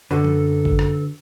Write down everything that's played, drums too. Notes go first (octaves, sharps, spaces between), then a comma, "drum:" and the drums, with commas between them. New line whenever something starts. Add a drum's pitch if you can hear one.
F#2 D3 F#4 A4 B4
drum: tom F3
drum: kick
drum: rim click